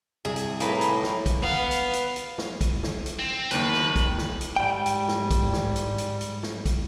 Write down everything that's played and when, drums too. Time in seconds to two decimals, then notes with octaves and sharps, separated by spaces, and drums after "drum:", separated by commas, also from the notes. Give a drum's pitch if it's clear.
0.25 C2 G#4
0.36 drum: hi-hat
0.60 A2 A#3 D#4 G#4 A4 B4, drum: hi-hat
0.81 drum: hi-hat
1.03 drum: snare
1.26 drum: kick, hi-hat
1.42 B3 F5
1.71 drum: hi-hat
1.93 drum: hi-hat
2.16 drum: hi-hat
2.38 drum: snare
2.61 drum: kick, hi-hat
2.83 drum: snare
3.06 drum: hi-hat
3.19 C4
3.51 F#1 D#2 B4, drum: hi-hat
3.73 drum: snare
3.96 drum: kick, hi-hat
4.18 drum: snare
4.41 drum: hi-hat
4.56 G#2 G3 G5
4.86 drum: hi-hat
5.08 drum: snare
5.31 drum: kick, hi-hat
5.53 drum: snare
5.76 drum: hi-hat
5.98 drum: hi-hat
6.21 drum: hi-hat
6.43 drum: snare
6.66 drum: kick, hi-hat